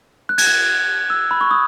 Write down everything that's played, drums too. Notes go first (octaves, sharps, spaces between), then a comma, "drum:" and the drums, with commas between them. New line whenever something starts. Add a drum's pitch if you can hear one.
F#6
G#6, drum: cymbal
F#6
E6
B5
C#6
D#6